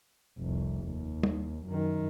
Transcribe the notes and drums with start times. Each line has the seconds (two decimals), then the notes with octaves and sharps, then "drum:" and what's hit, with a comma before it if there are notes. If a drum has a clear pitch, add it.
0.39 F1 C2
0.85 D#2
1.23 drum: tom
1.68 F#2 D#3